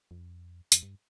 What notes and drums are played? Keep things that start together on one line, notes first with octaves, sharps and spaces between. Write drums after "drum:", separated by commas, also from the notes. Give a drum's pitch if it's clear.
F2
F2, drum: hi-hat
G2